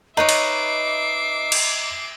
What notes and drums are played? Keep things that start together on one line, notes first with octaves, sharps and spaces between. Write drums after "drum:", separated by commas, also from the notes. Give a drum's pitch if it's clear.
D#4 B4 C#5 D#5 E5 A#5 D6 C7
drum: cymbal
drum: cymbal